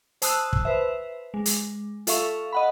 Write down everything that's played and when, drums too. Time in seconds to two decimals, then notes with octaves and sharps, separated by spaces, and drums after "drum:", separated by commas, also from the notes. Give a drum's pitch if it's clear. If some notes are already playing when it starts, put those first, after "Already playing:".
0.22 C5 A5 D#6 E6 F#6, drum: hi-hat
0.53 drum: kick
0.65 B4 C5 E5
1.34 G#3
1.46 drum: hi-hat
2.07 F4 A4 E5 F5 C#6, drum: hi-hat
2.53 D#5 F#5 B5